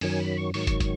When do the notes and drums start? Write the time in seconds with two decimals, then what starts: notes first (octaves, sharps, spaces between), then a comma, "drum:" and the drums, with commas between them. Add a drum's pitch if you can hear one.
0.01 F#2 D#3 F#3 G#5, drum: open hi-hat
0.19 B5
0.37 C#6
0.54 G#2 D#3 F#3 C#6, drum: open hi-hat
0.67 drum: kick, hi-hat
0.80 drum: kick, hi-hat